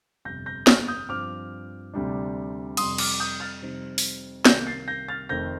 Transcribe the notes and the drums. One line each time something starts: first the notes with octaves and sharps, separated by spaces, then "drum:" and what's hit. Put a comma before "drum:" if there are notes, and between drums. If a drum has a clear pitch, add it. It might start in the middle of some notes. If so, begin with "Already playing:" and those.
G1 F2 C3 G6 A#6
G6 A#6
F6 A6, drum: snare
D#6 G6
G2 F3 C4 D6 F6
D2 C3 G3 D4
F2 C3 G3 C6 D#6, drum: cymbal
D6 F6, drum: cymbal
D#6 G6
F6 A6
F2 C3 G3 C4 D#4
drum: open hi-hat
C2 C3 D#3 A#3 G6 A#6, drum: snare
A6 C7
G6 A#6
F6 A6
F1 F2 D#3 A3 C4 G6 A#6